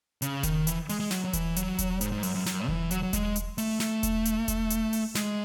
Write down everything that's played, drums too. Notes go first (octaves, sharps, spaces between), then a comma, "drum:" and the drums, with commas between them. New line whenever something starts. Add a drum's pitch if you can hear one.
C#3, drum: hi-hat
D#3, drum: kick E1, hi-hat
E3, drum: hi-hat
G#3, drum: open hi-hat
G#3
F#3, drum: snare
F#3
E3, drum: kick E1, hi-hat
F#3, drum: hi-hat
drum: kick E1, hi-hat
G#2, drum: hi-hat
G#2
F#2, drum: open hi-hat
F#2
F#2, drum: snare
E3, drum: kick E1
F#3, drum: hi-hat
F#3
G#3, drum: kick E1, hi-hat
drum: hi-hat
A3, drum: open hi-hat
A3, drum: snare
drum: kick E1, hi-hat
drum: hi-hat
drum: kick E1, hi-hat
drum: hi-hat
drum: open hi-hat
G#3, drum: snare